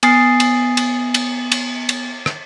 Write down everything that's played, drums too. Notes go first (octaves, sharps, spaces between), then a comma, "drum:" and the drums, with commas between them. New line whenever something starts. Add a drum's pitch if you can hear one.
B3 G#5 D#6 A6 C7, drum: cymbal
drum: cymbal
drum: cymbal
drum: cymbal
drum: cymbal
drum: cymbal
drum: rim click